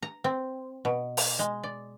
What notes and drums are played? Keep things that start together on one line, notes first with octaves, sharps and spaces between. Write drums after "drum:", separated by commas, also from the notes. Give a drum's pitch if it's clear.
A#5
C4
B2
drum: open hi-hat
G#3
D5